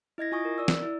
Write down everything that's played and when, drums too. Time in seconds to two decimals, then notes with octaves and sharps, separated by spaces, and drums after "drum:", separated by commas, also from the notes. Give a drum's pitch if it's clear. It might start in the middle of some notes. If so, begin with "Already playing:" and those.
0.18 E4 D#5 G#6 A#6
0.32 F4 G#5 C#6 D#6
0.45 A#4
0.58 D5 E6
0.68 drum: snare
0.82 E4